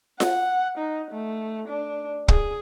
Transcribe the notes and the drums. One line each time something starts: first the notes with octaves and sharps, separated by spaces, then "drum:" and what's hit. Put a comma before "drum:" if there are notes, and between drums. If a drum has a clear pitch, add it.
F#5, drum: snare F4
D#4
A3
D4
G#4, drum: kick